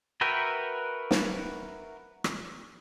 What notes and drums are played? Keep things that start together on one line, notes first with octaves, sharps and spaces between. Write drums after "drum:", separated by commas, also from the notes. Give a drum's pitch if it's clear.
F#4 A#4 B4 E5 G5
drum: snare
drum: rim click